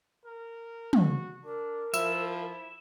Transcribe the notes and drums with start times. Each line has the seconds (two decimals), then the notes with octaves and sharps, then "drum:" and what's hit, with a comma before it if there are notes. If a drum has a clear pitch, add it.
0.25 A#4
0.93 F#4, drum: tom
1.45 D4 A#4
1.94 F3 E4 E5, drum: tambourine